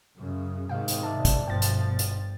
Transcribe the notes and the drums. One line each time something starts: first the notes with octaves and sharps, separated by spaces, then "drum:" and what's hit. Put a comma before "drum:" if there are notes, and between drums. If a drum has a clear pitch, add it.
F#2 C#3
G#2 C3 D#3 F5 G5
drum: hi-hat
D5 E5 A5
drum: kick, hi-hat
G1 G2 B2 F3 G5 A6
drum: hi-hat
drum: hi-hat